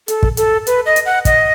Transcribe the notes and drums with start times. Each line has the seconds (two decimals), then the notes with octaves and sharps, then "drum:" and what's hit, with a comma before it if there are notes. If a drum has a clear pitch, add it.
0.08 A4, drum: hi-hat
0.23 drum: kick
0.37 A4, drum: hi-hat
0.67 B4, drum: hi-hat
0.86 D#5
0.96 drum: hi-hat
1.06 F#5
1.25 D#5, drum: kick, hi-hat